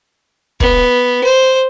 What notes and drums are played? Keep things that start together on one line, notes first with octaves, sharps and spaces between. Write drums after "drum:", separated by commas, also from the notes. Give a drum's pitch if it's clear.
B3, drum: kick
C5